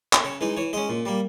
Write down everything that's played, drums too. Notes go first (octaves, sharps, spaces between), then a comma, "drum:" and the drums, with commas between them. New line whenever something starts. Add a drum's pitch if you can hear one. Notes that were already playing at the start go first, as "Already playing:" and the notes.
drum: clap
C#3 C#5
E3 G#3 D#4
E3 C#5
G#3 C#4 D#5
A#2
G3 A#3